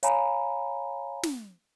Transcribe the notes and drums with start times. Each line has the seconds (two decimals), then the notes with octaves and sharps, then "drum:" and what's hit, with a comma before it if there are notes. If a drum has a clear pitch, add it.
0.03 C#5 F5 G#5 A#5 B5, drum: hi-hat
1.23 drum: snare